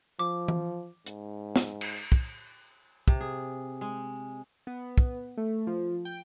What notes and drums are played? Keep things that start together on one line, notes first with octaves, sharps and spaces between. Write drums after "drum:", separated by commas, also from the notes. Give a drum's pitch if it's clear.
F3 D6
drum: tom E3
G#2, drum: hi-hat
drum: snare
drum: cymbal
drum: kick
C3, drum: kick
G#4
G#3
B3
drum: kick
A3
F3
G5